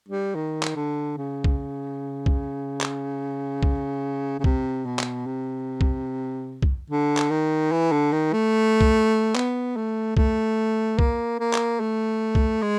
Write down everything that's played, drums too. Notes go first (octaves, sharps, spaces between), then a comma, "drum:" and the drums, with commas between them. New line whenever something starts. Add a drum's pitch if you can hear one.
G3
D#3
drum: clap
D3
C#3
drum: kick
drum: kick
drum: clap
drum: kick
C#3
C3, drum: kick
B2
drum: clap
C3
drum: kick
drum: kick
D3
drum: clap
D#3
E3
D3
D#3
A3
drum: kick
B3, drum: clap
A3
A3, drum: kick
A#3, drum: kick
A#3
drum: clap
A3
drum: kick
G#3